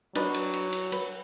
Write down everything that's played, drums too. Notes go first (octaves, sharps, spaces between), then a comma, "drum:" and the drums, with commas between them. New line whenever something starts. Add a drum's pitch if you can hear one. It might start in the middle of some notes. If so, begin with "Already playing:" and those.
F#3 D4 D#4 B4, drum: cymbal
drum: cymbal
drum: cymbal
drum: cymbal
B4, drum: cymbal